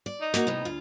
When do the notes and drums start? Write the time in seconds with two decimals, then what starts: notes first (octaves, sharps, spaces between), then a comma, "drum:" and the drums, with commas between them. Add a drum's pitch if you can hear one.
0.06 D5
0.21 D#4
0.34 A#3 F#4, drum: snare
0.47 A2 C3 B3
0.65 D2 F4